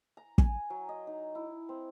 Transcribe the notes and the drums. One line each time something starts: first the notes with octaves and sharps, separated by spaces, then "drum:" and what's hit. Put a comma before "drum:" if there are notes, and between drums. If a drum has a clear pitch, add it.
A#5
G#5, drum: kick
F#3
D#5
D#4
E4
C4